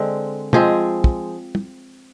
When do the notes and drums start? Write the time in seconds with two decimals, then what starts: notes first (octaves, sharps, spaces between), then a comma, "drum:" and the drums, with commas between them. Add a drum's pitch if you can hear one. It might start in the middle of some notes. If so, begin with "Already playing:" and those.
Already playing: D3 G#3 C4
0.53 F3 G#3 C4 G#4, drum: tom
1.04 drum: kick
1.55 drum: tom